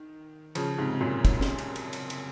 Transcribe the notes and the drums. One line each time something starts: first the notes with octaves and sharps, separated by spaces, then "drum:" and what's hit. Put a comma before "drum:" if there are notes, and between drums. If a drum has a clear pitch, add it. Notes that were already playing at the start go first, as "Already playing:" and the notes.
Already playing: D#3
C#3 F3, drum: cymbal
G#2 C3
C3
F#2 A#2
G#2, drum: kick, cymbal
drum: snare
drum: cymbal
drum: cymbal
drum: cymbal
drum: cymbal